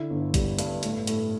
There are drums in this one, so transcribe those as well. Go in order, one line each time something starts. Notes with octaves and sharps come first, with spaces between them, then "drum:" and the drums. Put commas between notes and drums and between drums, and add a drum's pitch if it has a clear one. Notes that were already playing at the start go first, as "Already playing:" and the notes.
Already playing: D3 E4
G1
G3, drum: kick A1, hi-hat
G2, drum: hi-hat
A2, drum: hi-hat
A2, drum: hi-hat